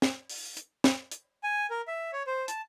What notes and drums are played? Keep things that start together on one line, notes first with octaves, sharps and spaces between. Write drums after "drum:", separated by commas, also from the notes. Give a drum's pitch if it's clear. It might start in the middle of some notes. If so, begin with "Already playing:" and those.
drum: snare
drum: open hi-hat
drum: hi-hat
drum: snare
drum: hi-hat
G#5
A#4
E5
C#5
C5
A5, drum: hi-hat